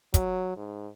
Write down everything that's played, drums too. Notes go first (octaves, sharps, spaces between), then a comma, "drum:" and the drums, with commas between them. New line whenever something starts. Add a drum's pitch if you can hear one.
F#3, drum: kick, hi-hat
G#2